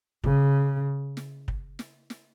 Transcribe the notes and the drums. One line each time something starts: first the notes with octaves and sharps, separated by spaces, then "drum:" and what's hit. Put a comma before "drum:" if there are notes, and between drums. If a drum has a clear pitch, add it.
C#3, drum: kick
drum: snare
drum: kick
drum: snare
drum: snare